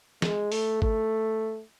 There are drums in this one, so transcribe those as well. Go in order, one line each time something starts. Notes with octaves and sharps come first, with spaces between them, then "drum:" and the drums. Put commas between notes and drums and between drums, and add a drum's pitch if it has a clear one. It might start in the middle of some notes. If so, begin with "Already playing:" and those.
G#3, drum: snare
A3, drum: open hi-hat
A3, drum: kick